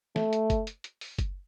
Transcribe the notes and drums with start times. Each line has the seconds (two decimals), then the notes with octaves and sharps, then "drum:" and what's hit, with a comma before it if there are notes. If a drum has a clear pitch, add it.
0.16 A3, drum: snare
0.33 drum: hi-hat
0.50 drum: kick F#1, hi-hat
0.67 drum: hi-hat
0.84 drum: hi-hat
1.01 drum: open hi-hat
1.18 drum: kick F#1, hi-hat